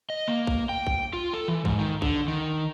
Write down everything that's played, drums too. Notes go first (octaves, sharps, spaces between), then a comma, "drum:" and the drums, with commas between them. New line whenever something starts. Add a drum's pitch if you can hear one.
D#5
A#3
drum: kick
G5
drum: kick
F4
A4
E3
G#2, drum: kick
D#3
D3, drum: kick
D#3